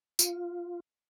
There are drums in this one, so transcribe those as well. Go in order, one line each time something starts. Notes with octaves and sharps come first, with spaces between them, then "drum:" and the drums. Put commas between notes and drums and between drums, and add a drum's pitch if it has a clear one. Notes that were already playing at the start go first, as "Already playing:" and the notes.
F4, drum: tambourine